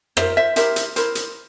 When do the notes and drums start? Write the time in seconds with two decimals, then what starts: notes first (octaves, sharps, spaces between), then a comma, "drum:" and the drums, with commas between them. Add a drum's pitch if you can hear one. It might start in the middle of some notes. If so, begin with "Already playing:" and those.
0.17 F4 A#4 C5 E5, drum: rim click
0.37 C5 E5
0.56 E4 G4 A#4 C5 E5, drum: hi-hat
0.76 drum: hi-hat
0.96 E4 A#4 C5, drum: hi-hat
1.15 drum: hi-hat